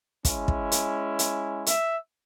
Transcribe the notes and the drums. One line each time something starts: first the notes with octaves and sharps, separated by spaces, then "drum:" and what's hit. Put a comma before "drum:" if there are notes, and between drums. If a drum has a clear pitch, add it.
G#3 C#4 E4, drum: kick, hi-hat
drum: kick
drum: hi-hat
drum: hi-hat
E5, drum: hi-hat